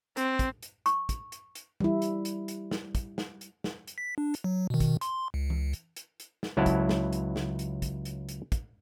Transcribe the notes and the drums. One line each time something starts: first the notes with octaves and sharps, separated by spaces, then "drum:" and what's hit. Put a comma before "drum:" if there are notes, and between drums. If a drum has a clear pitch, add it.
C4, drum: hi-hat
drum: kick, hi-hat
drum: hi-hat
C#6, drum: hi-hat
drum: kick, hi-hat
drum: hi-hat
drum: hi-hat
G3 E4, drum: tom E3
drum: hi-hat
drum: hi-hat
drum: hi-hat
drum: snare
drum: kick, hi-hat
drum: snare
drum: hi-hat
drum: snare
drum: hi-hat
B6
D4
drum: hi-hat
F#3
B2 D#3
drum: kick, hi-hat
C6, drum: hi-hat
C#2
drum: tom E3
drum: hi-hat
drum: hi-hat
drum: hi-hat
drum: snare
C#2 F#3 E4 C#5 F#5 A5
drum: kick, hi-hat
drum: snare
drum: hi-hat
drum: snare
drum: hi-hat
drum: kick, hi-hat
drum: hi-hat
drum: hi-hat
drum: kick, hi-hat